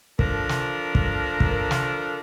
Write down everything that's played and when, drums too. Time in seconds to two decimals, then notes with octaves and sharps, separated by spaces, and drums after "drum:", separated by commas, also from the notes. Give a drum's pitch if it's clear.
0.19 F3 D4 A4 A#4, drum: kick
0.49 drum: snare
0.95 drum: kick
1.40 drum: kick
1.71 drum: snare